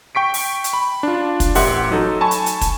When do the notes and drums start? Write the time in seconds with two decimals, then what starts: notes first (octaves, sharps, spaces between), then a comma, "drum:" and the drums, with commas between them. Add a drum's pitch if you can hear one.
0.15 G5 C#6 B6 D7
0.34 drum: open hi-hat
0.64 drum: hi-hat
0.73 B5
1.03 D4 F4
1.40 drum: kick, hi-hat
1.55 A1 G4 A#4 E5 F#5 C6, drum: open hi-hat
1.91 F#3 D#4 A4
2.21 G#5 A5 B5 C#6
2.31 drum: hi-hat
2.46 drum: hi-hat
2.61 drum: kick, hi-hat